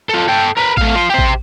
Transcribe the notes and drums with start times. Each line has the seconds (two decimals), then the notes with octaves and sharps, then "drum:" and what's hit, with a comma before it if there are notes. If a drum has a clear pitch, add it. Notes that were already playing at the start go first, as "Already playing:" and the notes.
0.09 F4 A4
0.28 A4 G5
0.57 A#4 B4
0.77 A3 F5, drum: kick A1
0.95 F4 C5
1.09 G4 C5
1.19 drum: kick A1